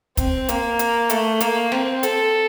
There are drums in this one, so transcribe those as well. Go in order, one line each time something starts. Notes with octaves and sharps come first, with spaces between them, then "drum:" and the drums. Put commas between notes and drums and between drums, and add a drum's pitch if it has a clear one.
C4, drum: kick, hi-hat
A#3, drum: hi-hat
drum: hi-hat
A3, drum: hi-hat
A#3, drum: hi-hat
C4, drum: snare
A4, drum: hi-hat